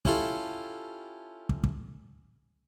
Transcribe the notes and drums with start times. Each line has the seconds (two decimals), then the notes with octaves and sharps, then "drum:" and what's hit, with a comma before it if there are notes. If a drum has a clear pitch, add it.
0.05 C#4 E4 F4 G4 A4 F5, drum: kick
1.49 drum: kick
1.64 drum: kick